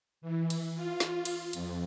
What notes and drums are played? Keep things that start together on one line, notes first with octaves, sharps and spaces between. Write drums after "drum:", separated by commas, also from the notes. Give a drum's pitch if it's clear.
E3
drum: cymbal
F4
drum: snare
drum: cymbal
F2, drum: cymbal